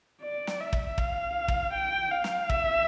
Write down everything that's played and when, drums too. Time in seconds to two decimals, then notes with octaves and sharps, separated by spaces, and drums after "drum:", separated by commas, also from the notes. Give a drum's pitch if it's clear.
0.22 D5
0.47 drum: snare
0.61 E5
0.73 drum: kick
0.98 F5, drum: kick
1.48 drum: kick
1.74 G5
2.11 F5
2.24 drum: snare
2.49 E5, drum: kick